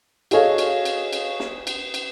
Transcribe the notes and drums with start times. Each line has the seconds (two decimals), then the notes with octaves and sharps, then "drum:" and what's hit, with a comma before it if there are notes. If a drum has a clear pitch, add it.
0.31 F#4 G#4 A4 C#5 D#5 F5, drum: cymbal
0.58 drum: cymbal
0.85 drum: cymbal
1.13 drum: cymbal
1.40 drum: snare
1.67 drum: cymbal
1.94 drum: cymbal